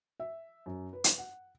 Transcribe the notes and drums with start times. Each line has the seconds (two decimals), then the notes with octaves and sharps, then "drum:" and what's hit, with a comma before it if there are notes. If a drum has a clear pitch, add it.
0.20 E5
0.66 F#2
0.93 B4
1.04 drum: hi-hat
1.18 F#5